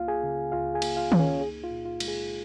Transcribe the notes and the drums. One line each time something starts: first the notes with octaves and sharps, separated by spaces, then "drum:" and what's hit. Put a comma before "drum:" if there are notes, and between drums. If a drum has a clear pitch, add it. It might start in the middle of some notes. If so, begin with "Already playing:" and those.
Already playing: C#2 A#3 F4 F5
G#4 G#5
C#3
C#2 F4 F5
G#4 G#5
A#3, drum: cymbal
F4 F5
C#2, drum: tom D#3
C#4 C#5
D#4 G#4
F4
A#2
F4
G#3, drum: cymbal
G#4